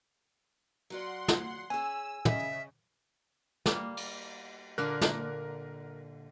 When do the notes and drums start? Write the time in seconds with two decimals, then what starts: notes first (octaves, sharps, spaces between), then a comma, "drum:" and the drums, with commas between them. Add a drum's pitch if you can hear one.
0.90 F#3 F4 D5 F#5 C6
1.28 drum: snare
1.70 C#4 G#4 G#5 E6
2.25 C#3 D#5 E5, drum: tom
3.66 G3 A#3, drum: snare
3.97 drum: cymbal
4.78 A#2 D3 A#3 A#4 F#6
5.01 drum: snare